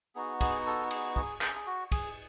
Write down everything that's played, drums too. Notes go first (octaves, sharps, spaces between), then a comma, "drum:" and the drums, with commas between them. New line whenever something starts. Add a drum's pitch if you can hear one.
B3 D#4 F#4 G#4
G#4, drum: kick, cymbal
A4
G#4, drum: cymbal
G#4, drum: kick
G#4, drum: clap
G#4
F#4
G#4, drum: kick, cymbal